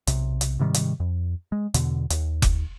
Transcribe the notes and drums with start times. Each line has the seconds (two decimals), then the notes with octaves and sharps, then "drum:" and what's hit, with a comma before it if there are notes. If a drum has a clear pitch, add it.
0.07 B1 C3, drum: hi-hat
0.41 drum: hi-hat
0.60 G#2 C3 D#3 G3
0.74 drum: hi-hat
1.00 F2
1.52 G#3
1.74 E2 B2 D3, drum: hi-hat
2.10 D#2, drum: hi-hat
2.42 drum: kick F1, hi-hat